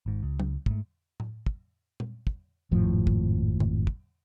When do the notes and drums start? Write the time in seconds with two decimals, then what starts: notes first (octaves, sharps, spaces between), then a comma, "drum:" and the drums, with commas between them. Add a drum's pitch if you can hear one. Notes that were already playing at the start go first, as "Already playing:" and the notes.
0.06 G#1 G#2
0.23 C#2
0.40 drum: tom F#3
0.66 G#2 A3, drum: kick
1.20 drum: tom A2
1.46 drum: kick
2.00 drum: tom A#2
2.27 drum: kick
2.71 G#1 F2 A2 F3
3.07 drum: kick
3.60 drum: tom C#3
3.87 drum: kick